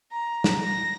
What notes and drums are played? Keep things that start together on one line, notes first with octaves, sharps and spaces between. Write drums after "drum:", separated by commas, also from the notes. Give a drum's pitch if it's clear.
A#5
drum: snare
A#6